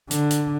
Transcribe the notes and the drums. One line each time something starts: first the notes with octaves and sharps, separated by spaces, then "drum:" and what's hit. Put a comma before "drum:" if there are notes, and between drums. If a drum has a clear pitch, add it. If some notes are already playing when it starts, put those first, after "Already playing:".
D3, drum: hi-hat
drum: hi-hat